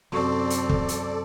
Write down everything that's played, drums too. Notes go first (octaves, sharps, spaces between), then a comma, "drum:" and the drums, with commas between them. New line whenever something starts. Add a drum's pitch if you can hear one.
F#2 C3 F#3 C4 A4 D5 C6 C#6
drum: hi-hat
drum: kick
drum: hi-hat